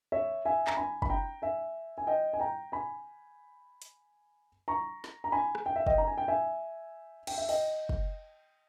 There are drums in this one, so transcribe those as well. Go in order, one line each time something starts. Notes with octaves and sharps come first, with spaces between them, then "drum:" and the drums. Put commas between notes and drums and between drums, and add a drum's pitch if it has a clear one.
C#5 E5
E5 G#5
A#5, drum: clap
G#5 B5
B5, drum: kick
G5 A#5
E5 G#5
G#5
D#5 G5
G#5
G5 A#5
G#5 B5
drum: hi-hat
A#5 C#6
drum: snare
A#5
G#5 B5
drum: rim click
G5
E5
D#5 G5, drum: kick
A#5
G#5
G5
E5 G#5
G5, drum: cymbal
E5
D#5 G5, drum: open hi-hat
drum: kick